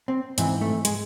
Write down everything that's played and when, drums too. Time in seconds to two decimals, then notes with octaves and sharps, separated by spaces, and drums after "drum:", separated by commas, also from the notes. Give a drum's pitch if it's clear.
0.08 C4
0.38 G#2 E3 C4, drum: hi-hat
0.61 A3
0.85 G#3, drum: hi-hat